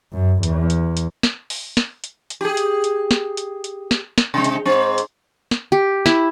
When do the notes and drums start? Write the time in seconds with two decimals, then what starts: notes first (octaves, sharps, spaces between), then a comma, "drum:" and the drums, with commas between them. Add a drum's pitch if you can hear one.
0.13 F#2
0.43 E2, drum: hi-hat
0.70 drum: hi-hat
0.97 drum: hi-hat
1.23 drum: snare
1.50 drum: open hi-hat
1.77 drum: snare
2.04 drum: hi-hat
2.30 drum: hi-hat
2.41 G4 G#4
2.57 drum: hi-hat
2.84 drum: hi-hat
3.11 drum: snare
3.37 drum: hi-hat
3.64 drum: hi-hat
3.91 drum: snare
4.18 drum: snare
4.34 C3 G#3
4.44 drum: hi-hat
4.66 G#2 C4
4.98 drum: hi-hat
5.51 drum: snare
5.72 G4
6.06 E4, drum: snare